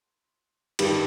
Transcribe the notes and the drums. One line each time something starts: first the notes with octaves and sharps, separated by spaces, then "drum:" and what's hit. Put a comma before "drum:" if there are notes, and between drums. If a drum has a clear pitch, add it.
G2 D#3 G3, drum: cymbal